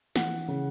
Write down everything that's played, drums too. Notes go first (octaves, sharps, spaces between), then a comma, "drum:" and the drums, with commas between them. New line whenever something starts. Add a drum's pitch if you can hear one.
E3 F#5, drum: snare
C#3